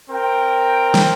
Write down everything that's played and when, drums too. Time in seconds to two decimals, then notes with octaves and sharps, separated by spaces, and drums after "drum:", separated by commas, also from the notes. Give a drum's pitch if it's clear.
0.10 C4 A#4 G5
0.94 drum: snare